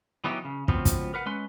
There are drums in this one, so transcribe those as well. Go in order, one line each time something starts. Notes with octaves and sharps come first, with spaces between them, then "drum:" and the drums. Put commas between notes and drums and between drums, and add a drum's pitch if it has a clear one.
E3 F#3 B3 D#4 E4 G4
C#3
C#2 B2 F3 B3 C4, drum: kick
drum: kick, hi-hat
A#4 B4 F#5
G#3 C#4 B4 C6